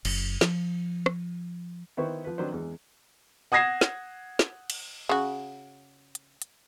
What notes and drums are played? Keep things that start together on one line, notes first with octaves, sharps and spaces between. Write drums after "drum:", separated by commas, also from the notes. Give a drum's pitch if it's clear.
F#1, drum: cymbal
F3, drum: snare
drum: rim click
D#3 B3 E4 B4 C5 C#6
F3 B4
D#3 F#3 D4 B4 C5
E2 G#3
F#5 D#6 G#6 A#6 C7 E7
drum: snare
drum: snare
drum: cymbal
C#3 F#4
drum: hi-hat
drum: hi-hat